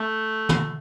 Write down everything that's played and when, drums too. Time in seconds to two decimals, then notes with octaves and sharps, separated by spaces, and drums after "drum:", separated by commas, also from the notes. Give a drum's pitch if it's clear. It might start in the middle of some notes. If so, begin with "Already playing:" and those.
Already playing: A3
0.49 drum: tom